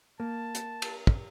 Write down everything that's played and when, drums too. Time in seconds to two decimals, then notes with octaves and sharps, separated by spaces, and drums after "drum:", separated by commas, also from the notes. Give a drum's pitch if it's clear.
0.20 A#3 A5
0.55 drum: hi-hat
0.82 drum: cymbal
1.07 drum: kick